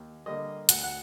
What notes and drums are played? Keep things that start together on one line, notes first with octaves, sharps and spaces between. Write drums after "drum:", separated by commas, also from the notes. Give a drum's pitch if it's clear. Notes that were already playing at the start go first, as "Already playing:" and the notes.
Already playing: D#2
D3 G3 A#3 D#5
D2 F#5, drum: hi-hat
F#5